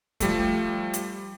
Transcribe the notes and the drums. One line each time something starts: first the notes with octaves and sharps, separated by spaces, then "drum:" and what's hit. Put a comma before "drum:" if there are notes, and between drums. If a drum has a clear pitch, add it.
F3 G3 A3, drum: kick, hi-hat
drum: hi-hat